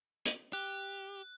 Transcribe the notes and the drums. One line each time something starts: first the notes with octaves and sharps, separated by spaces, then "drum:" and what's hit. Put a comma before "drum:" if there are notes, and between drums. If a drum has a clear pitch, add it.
drum: hi-hat
G4 F#6